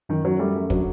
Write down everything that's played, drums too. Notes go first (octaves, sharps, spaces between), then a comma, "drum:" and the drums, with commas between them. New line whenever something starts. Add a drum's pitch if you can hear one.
F#2 D#3
F#2 F#3
G3 A3
F#2
D3 F#3, drum: kick